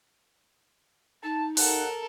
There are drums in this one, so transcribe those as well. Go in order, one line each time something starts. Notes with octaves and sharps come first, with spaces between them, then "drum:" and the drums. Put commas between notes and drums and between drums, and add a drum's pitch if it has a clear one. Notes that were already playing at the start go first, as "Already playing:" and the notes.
D#4 A5
D#2 A4 A#4 F#5, drum: open hi-hat